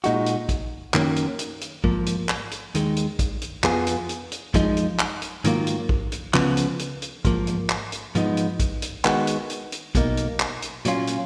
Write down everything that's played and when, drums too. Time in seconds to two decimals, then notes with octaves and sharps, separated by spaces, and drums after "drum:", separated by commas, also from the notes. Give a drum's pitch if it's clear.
0.04 A#2 G#3 D#4 F#4, drum: hi-hat
0.26 drum: hi-hat
0.49 drum: kick, hi-hat
0.94 F#2 D#3 F#3 A#3 C#4, drum: clap
1.16 drum: hi-hat
1.39 drum: hi-hat
1.61 drum: hi-hat
1.84 G#2 F3 A#3, drum: kick
2.06 drum: hi-hat
2.29 drum: clap
2.51 drum: hi-hat
2.75 D#2 D#3 G#3, drum: hi-hat
2.96 drum: hi-hat
3.19 drum: kick, hi-hat
3.42 drum: hi-hat
3.64 F2 F3 B3 F4 G#4, drum: clap
3.87 drum: hi-hat
4.09 drum: hi-hat
4.32 drum: hi-hat
4.54 F#2 F3 G#3 D#4, drum: kick, hi-hat
4.77 drum: hi-hat
4.99 drum: clap
5.22 drum: hi-hat
5.44 G#2 D#3 F#3 A#3 F4, drum: hi-hat
5.67 drum: hi-hat
5.89 drum: kick
6.12 drum: hi-hat
6.34 C#2 C#3 F3 B3, drum: clap
6.57 drum: hi-hat
6.79 drum: hi-hat
7.02 drum: hi-hat
7.25 G#2 F3 A#3, drum: kick, hi-hat
7.47 drum: hi-hat
7.69 drum: clap
7.92 drum: hi-hat
8.15 G#2 F3 G#3 B3 D#4, drum: hi-hat
8.37 drum: hi-hat
8.60 drum: kick, hi-hat
8.82 drum: hi-hat
9.05 D#3 G#3 B3 F#4, drum: clap
9.27 drum: hi-hat
9.50 drum: hi-hat
9.72 drum: hi-hat
9.95 B1 B2 A#3 D#4, drum: kick, hi-hat
10.17 drum: hi-hat
10.40 drum: clap
10.62 drum: hi-hat
10.85 A#2 F#3 C#4 F4, drum: hi-hat
11.07 drum: hi-hat